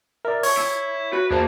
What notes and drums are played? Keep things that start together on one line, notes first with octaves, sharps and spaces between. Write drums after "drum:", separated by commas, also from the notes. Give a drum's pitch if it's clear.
A#4 D5 E5
C#5, drum: open hi-hat
E4
F#4 B4
E2 A#3 D4 G#4 C5